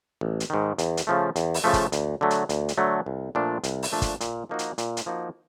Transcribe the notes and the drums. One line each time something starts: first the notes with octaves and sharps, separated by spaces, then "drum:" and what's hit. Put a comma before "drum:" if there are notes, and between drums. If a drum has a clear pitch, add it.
A1
drum: hi-hat
G#2 D#3
E2, drum: hi-hat
drum: hi-hat
C#3 F3 A3
E2, drum: hi-hat
drum: open hi-hat
C#3 F3 A3
drum: kick, hi-hat
D2, drum: hi-hat
D3 F#3 A3
drum: hi-hat
D2, drum: hi-hat
drum: hi-hat
D3 F#3 A3
C2
A#2 F3 A3 D4
C2, drum: hi-hat
drum: open hi-hat
A#2 F3 A3 D4
drum: kick, hi-hat
A#2, drum: hi-hat
F3 A#3 D#4 F#4
drum: hi-hat
A#2, drum: hi-hat
drum: hi-hat
F3 A#3 D#4 F#4